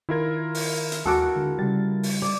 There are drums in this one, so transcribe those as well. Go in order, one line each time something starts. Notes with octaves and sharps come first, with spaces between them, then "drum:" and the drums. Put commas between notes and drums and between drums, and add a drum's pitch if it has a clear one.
D#3 E4 F4 A#4 E5 G#6
drum: open hi-hat
drum: hi-hat
D#2 F#4 A4 G#5 D6
D3 G#3
C#3 G3 A6
drum: open hi-hat
D5